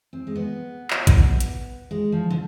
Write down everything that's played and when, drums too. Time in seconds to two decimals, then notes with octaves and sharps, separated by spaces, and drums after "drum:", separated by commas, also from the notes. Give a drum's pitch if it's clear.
0.13 C4
0.27 G#3
0.35 B3
0.90 drum: clap
1.07 drum: kick, hi-hat
1.40 drum: hi-hat
1.91 G#3
2.12 F3
2.30 D3